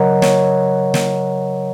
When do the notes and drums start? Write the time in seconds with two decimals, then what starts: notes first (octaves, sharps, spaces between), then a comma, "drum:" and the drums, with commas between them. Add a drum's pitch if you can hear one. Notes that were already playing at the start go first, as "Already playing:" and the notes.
Already playing: C#3 F#3 A#4 C#5 D#5 F#5 A#5
0.22 C#5, drum: snare
0.94 drum: snare